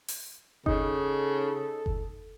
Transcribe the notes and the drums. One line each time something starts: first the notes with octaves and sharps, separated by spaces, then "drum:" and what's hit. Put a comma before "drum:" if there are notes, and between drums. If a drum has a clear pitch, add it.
drum: open hi-hat
C#3 D#4 A4, drum: kick F#1
drum: kick F#1